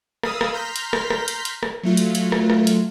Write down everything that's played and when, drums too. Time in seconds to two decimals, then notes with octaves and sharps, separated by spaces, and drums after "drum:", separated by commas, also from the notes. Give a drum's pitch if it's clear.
0.23 F5 B5 D#6 E6, drum: rim click
0.41 drum: rim click
0.52 A#5 C6 F6 G6 B6
0.76 drum: hi-hat
0.93 drum: rim click
1.10 drum: rim click
1.28 drum: hi-hat
1.45 drum: hi-hat
1.63 drum: rim click
1.83 F#3 A3 F4
1.97 drum: hi-hat
2.15 drum: hi-hat
2.32 drum: rim click
2.50 drum: rim click
2.67 drum: hi-hat